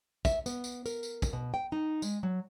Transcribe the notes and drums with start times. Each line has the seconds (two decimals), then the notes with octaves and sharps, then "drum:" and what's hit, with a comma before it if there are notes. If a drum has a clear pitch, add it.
0.25 E5, drum: kick, tambourine
0.46 B3, drum: tambourine
0.64 drum: tambourine
0.86 A#4, drum: tambourine
1.03 drum: tambourine
1.22 drum: kick, tambourine
1.33 B2
1.54 G5
1.72 D#4
2.02 G#3, drum: tambourine
2.23 F#3